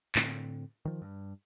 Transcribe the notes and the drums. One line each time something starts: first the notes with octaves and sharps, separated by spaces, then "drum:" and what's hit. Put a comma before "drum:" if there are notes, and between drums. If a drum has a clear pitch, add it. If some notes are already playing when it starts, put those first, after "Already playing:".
A2 D3 C4, drum: clap
D#3 F3
G2